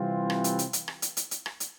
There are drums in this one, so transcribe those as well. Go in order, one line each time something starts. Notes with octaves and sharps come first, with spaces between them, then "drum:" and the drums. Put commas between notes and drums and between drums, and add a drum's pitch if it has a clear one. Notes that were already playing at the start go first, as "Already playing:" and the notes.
Already playing: C3 E3 G3 C4 F4
drum: rim click
drum: hi-hat
drum: hi-hat
drum: hi-hat
drum: rim click
drum: hi-hat
drum: hi-hat
drum: hi-hat
drum: rim click
drum: hi-hat